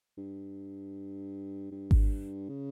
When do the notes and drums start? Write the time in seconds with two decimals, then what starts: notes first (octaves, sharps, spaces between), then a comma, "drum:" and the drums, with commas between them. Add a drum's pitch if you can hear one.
0.18 G2
1.71 G2
1.91 drum: kick G#1
2.49 C#3